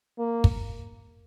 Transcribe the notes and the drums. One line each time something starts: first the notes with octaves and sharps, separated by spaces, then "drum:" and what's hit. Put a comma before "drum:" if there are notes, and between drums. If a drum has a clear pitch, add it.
A#3
drum: kick